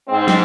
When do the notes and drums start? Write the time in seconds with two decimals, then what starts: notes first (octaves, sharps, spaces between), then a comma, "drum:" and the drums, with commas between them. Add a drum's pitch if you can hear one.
0.09 G#2 G#3 C4
0.28 drum: snare